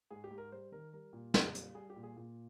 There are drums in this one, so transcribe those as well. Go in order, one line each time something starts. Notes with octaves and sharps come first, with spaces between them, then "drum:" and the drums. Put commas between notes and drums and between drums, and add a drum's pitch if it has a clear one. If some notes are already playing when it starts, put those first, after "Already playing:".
G#2 G#4
G4
G#2
A#4
G3 C5
D#3 A#4
G3 A#4
A#2
A#2, drum: snare
G3, drum: hi-hat
G3 G#4
G4
A#2
G#4
A#2